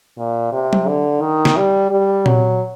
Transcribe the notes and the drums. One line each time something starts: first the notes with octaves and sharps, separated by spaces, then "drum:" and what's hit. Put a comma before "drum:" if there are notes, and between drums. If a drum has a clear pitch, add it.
A#2
C3
drum: tom F#3
D3
D#3
drum: snare
G3
G3
F#3, drum: tom A#2